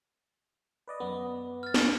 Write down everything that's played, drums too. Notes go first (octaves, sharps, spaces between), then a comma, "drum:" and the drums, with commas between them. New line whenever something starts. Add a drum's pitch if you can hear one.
B4 D5 D#5
F#2 B3
F6 A6
drum: snare